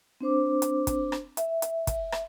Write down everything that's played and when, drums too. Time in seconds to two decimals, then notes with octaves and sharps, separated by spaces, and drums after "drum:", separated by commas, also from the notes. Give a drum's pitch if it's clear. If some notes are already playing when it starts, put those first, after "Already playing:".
0.21 C4 D4 C5 D6
0.62 drum: hi-hat
0.87 drum: kick, hi-hat
1.12 drum: rim click
1.37 E5, drum: hi-hat
1.62 drum: hi-hat
1.87 drum: kick, hi-hat
2.12 drum: rim click